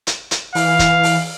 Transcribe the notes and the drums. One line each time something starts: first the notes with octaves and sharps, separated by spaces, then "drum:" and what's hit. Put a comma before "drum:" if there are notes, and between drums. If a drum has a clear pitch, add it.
drum: hi-hat
drum: hi-hat
E3 F5, drum: open hi-hat
drum: kick, hi-hat
drum: open hi-hat